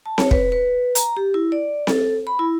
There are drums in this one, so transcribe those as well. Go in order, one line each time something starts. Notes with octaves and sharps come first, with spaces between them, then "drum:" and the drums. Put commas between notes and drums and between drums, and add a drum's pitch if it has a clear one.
A5
C#5, drum: snare C4
B4, drum: kick
B4
A#5, drum: hi-hat
G4
E4
D5
A4, drum: snare C4
B5
E4